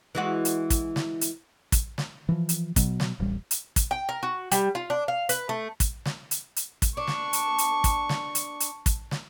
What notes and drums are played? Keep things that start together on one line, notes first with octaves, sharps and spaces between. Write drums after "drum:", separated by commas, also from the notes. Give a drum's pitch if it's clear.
E3 G#3 F#4
drum: hi-hat
drum: kick, hi-hat
drum: snare
drum: hi-hat
drum: kick, hi-hat
drum: snare
E3 F3
drum: hi-hat
B2 F#3, drum: kick, hi-hat
drum: snare
D1 A1 G3
drum: hi-hat
drum: kick, hi-hat
G5
A#4
F#4
G3, drum: hi-hat
F4
D4
F5
B4, drum: hi-hat
A3
drum: kick, hi-hat
drum: snare
drum: hi-hat
drum: hi-hat
drum: kick, hi-hat
D4 C#6
drum: snare
drum: hi-hat
drum: hi-hat
drum: kick, hi-hat
drum: snare
drum: hi-hat
drum: hi-hat
drum: kick, hi-hat
drum: snare